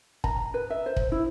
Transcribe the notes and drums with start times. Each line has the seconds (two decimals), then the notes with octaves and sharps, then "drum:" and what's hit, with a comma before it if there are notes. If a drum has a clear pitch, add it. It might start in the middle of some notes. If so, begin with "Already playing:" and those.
0.24 A#5, drum: kick
0.54 B4
0.70 E5
0.86 C5
0.97 drum: kick
1.12 E4